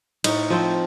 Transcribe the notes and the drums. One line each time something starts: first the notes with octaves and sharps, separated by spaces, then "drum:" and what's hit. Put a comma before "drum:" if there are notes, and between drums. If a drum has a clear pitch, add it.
A2 D#4, drum: cymbal
F3 C4